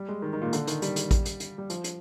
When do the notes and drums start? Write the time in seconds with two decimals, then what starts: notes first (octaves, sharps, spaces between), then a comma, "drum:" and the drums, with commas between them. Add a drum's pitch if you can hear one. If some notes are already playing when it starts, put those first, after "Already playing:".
Already playing: G3
0.09 G#3
0.22 D#3
0.33 D#3
0.42 A#2
0.53 D3, drum: hi-hat
0.67 D#3, drum: hi-hat
0.82 G3, drum: hi-hat
0.96 drum: hi-hat
1.11 drum: kick A1, hi-hat
1.25 drum: hi-hat
1.40 drum: hi-hat
1.58 G3
1.70 F3, drum: hi-hat
1.84 drum: hi-hat